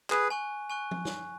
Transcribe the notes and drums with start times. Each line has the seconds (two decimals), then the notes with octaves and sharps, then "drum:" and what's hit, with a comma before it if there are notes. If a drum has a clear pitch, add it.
0.10 G#4 B4, drum: clap
0.30 G#5 C#6 F#6
0.70 G#5 C#6 F#6
0.91 drum: tom F3
1.05 drum: snare